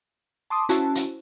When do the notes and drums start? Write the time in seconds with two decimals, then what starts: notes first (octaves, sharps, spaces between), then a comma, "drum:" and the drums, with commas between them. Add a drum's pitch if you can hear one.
0.50 A5 C6 D6 D#6
0.69 C#4 E4 F#4 C5 A5, drum: hi-hat
0.95 drum: hi-hat